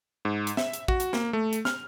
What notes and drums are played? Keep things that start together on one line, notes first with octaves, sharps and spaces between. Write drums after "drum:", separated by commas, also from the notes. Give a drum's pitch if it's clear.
G#2
drum: hi-hat
E5, drum: snare
drum: hi-hat
F#4, drum: kick
drum: hi-hat
A#3, drum: snare
A3
drum: hi-hat
F6, drum: snare